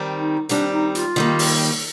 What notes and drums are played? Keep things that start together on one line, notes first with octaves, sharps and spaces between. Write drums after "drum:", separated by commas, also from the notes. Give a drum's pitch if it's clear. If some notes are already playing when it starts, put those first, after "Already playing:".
Already playing: D#3 G3 C4
D#4
D#3 G3 C4 D4, drum: hi-hat
D#4
F4, drum: hi-hat
D#3 G3 A#3
drum: open hi-hat